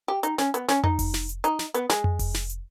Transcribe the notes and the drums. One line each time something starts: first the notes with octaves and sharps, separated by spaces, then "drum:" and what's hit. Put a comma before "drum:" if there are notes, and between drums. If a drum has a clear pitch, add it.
G4
D#4, drum: hi-hat
C#4, drum: snare
B3, drum: hi-hat
C#4, drum: snare
D#4, drum: tom F2
drum: kick F1, open hi-hat
drum: snare
drum: hi-hat
D#4, drum: hi-hat
drum: snare
B3, drum: hi-hat
G#3, drum: snare
drum: tom F2
drum: kick F1, open hi-hat
drum: snare
drum: hi-hat